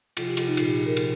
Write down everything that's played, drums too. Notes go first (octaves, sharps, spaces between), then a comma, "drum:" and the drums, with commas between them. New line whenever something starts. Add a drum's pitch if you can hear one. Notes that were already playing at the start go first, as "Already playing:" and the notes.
C3 F3 F4, drum: cymbal
G4
F4, drum: cymbal
D#4
A#2 F3 F4, drum: cymbal
G4
G#4
A#4
C3 F3, drum: cymbal